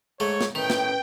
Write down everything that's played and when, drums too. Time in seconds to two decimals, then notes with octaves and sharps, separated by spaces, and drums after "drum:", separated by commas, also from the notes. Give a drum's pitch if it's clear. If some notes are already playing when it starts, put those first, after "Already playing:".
0.20 G#2 A3 C#5
0.41 drum: snare
0.55 A2 D#3 C#4 B4 G5
0.70 drum: snare